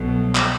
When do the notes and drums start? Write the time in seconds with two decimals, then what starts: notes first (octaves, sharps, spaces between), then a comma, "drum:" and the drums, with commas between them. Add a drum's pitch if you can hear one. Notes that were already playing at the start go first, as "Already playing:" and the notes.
Already playing: C2 B2 F#3 A3
0.35 drum: clap